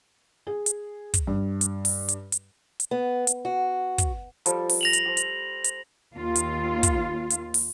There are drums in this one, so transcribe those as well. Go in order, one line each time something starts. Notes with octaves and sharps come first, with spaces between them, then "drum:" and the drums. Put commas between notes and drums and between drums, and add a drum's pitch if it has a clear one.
G#4
drum: hi-hat
drum: kick, hi-hat
G2
drum: hi-hat
drum: open hi-hat
drum: hi-hat
drum: hi-hat
drum: hi-hat
B3
drum: hi-hat
F#4
drum: kick, hi-hat
F3 G3 A4, drum: hi-hat
drum: open hi-hat
A#6 F7 F#7
drum: hi-hat
G4 C5
drum: hi-hat
drum: hi-hat
D#2 F4
drum: hi-hat
drum: kick, hi-hat
drum: hi-hat
drum: open hi-hat